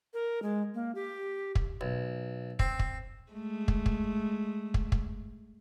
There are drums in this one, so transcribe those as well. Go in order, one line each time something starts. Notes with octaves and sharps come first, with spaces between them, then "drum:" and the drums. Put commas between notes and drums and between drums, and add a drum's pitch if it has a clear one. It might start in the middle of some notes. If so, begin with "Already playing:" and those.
A#4
G#3
A#3
G4
drum: kick
B1
C4, drum: kick
drum: kick
G#3 A3
drum: kick
drum: kick
drum: kick
drum: kick